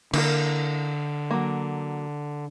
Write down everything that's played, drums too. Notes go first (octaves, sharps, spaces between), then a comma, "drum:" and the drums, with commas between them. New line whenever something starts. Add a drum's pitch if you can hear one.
D3 A#3 E4 A#4, drum: cymbal
F#3 A#3